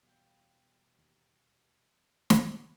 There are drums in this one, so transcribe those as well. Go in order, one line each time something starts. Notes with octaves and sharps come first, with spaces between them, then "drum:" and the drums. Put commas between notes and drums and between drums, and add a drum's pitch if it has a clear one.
E2 B2 G3 E4 F5 G5
D#2
drum: snare